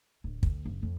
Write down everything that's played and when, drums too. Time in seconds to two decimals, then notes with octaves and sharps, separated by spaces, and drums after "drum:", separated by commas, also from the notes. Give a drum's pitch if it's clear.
0.24 D1
0.43 D2, drum: kick
0.66 F#1
0.83 F2